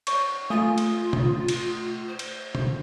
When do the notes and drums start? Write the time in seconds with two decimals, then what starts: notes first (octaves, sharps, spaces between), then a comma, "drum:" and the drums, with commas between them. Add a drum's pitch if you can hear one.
0.07 C#5 C#6, drum: cymbal
0.50 A3 F4 F5 G#5 B5 D#6
0.78 drum: cymbal
1.13 drum: tom B2
1.48 drum: cymbal
2.08 C5
2.19 drum: cymbal
2.55 drum: tom B2